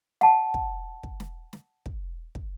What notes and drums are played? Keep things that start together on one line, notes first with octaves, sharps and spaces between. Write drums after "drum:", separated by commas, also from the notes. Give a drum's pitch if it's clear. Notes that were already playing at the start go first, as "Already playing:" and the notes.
F#5 A5, drum: snare
drum: kick
drum: kick
drum: snare
drum: snare
drum: kick
drum: kick